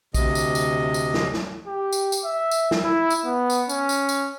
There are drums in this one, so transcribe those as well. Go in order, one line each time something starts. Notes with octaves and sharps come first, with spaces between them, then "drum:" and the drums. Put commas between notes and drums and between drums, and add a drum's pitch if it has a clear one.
D2 C3 D#5, drum: kick, tambourine
drum: tambourine
drum: tambourine
drum: tambourine
drum: snare
drum: snare
G4
drum: tambourine
drum: tambourine
E5
drum: tambourine
drum: snare
E4
drum: tambourine
B3
drum: tambourine
C#4, drum: tambourine
drum: tambourine
drum: tambourine